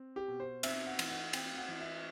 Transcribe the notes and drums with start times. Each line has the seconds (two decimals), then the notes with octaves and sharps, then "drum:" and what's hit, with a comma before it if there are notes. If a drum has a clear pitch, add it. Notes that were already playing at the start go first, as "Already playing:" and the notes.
Already playing: C4
0.16 G4
0.28 B2
0.40 C5
0.63 C4 E5, drum: cymbal
0.87 F#5
0.99 E3, drum: cymbal
1.10 F#5
1.33 C4 G5, drum: cymbal
1.57 F#5
1.68 E3
1.81 E5